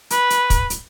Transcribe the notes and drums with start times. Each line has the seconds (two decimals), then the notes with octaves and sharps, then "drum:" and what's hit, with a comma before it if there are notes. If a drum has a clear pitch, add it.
0.10 B4, drum: hi-hat
0.30 drum: hi-hat
0.50 drum: kick, hi-hat
0.70 drum: hi-hat